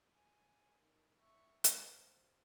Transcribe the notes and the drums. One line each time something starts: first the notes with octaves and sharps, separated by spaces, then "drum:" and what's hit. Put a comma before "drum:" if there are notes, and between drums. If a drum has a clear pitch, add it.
G#5
D#4 A#4
E5 C#6
C5 F5, drum: hi-hat